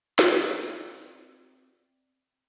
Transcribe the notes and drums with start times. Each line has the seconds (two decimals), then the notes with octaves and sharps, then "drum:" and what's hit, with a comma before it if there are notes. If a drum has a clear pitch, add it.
0.19 C4 B4 D5 E5 G5, drum: snare